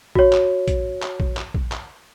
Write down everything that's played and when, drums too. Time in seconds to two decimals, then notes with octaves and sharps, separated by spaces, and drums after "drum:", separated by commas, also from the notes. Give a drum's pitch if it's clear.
0.15 F#4 C#5, drum: kick A#1
0.33 drum: clap
0.68 drum: kick A#1, hi-hat
1.02 drum: clap
1.20 drum: kick A#1
1.37 drum: clap
1.54 drum: kick A#1
1.72 drum: clap